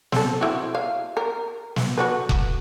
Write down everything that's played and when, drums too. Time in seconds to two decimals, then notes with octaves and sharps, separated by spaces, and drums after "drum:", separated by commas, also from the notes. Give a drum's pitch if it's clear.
0.12 C4 A4, drum: snare
0.41 C4 E4 F#4
0.75 F5
1.17 A#4
1.76 drum: snare
1.98 F#4 A4 B4
2.29 drum: kick F1